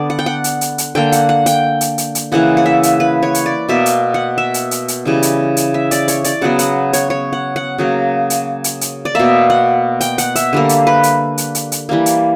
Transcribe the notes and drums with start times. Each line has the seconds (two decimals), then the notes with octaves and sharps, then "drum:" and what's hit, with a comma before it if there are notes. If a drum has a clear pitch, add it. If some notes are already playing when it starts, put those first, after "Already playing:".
Already playing: D3 B3 D5
0.10 F#5
0.19 G5
0.26 F#5
0.44 drum: hi-hat
0.61 drum: hi-hat
0.78 drum: hi-hat
0.95 D3 A#3 G5
1.12 F#5, drum: hi-hat
1.29 F#5
1.46 G5, drum: hi-hat
1.81 drum: hi-hat
1.98 drum: hi-hat
2.15 drum: hi-hat
2.32 C#3 E3 A#3 F#5
2.57 F#5
2.66 E5
2.83 drum: hi-hat
3.00 B4
3.23 C#5
3.35 drum: hi-hat
3.46 D5
3.69 B2 A#3 E5
3.86 drum: hi-hat
4.14 F#5
4.38 E5
4.54 drum: hi-hat
4.71 drum: hi-hat
4.88 drum: hi-hat
5.05 C#3 E3 G3
5.22 drum: hi-hat
5.57 drum: hi-hat
5.74 E5
5.91 D5, drum: hi-hat
6.08 C#5, drum: hi-hat
6.24 D5, drum: hi-hat
6.41 C#3 F#3 B3 F#5
6.59 F#5, drum: hi-hat
6.93 C#5, drum: hi-hat
7.10 C#5
7.33 F#5
7.56 F#5
7.78 C#3 F#3 A#3
8.30 drum: hi-hat
8.64 drum: hi-hat
8.81 drum: hi-hat
9.05 D5
9.15 B2 A#3 E5
9.50 F#5
10.01 G5, drum: hi-hat
10.18 F#5, drum: hi-hat
10.36 E5, drum: hi-hat
10.53 D3 G3 A#3
10.69 drum: hi-hat
10.87 B4
11.03 drum: hi-hat
11.38 drum: hi-hat
11.55 drum: hi-hat
11.72 drum: hi-hat
11.89 E3 G3 A#3
12.06 drum: hi-hat